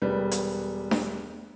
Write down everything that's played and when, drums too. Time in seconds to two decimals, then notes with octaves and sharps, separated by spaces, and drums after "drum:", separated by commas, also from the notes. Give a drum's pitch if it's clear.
0.02 E1 G3 B4
0.31 drum: hi-hat
0.91 drum: snare D4